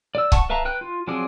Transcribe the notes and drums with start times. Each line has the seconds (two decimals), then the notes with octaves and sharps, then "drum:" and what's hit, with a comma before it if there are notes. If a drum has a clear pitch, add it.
0.15 D5 E6
0.32 F#5 A5 C#6, drum: kick C#1
0.50 B4 E5 F5 A5 A#5
0.65 B4 G5 F#6
0.81 F4
1.07 F3 F#3 C4 G#4 D5